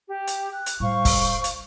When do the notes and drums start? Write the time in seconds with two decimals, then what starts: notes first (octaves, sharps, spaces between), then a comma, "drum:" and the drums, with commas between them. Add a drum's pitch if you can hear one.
0.08 G4
0.27 drum: hi-hat
0.53 F#6
0.66 drum: hi-hat
0.80 A2 G3 C5 F5 C#6
1.05 drum: kick, open hi-hat
1.44 drum: hi-hat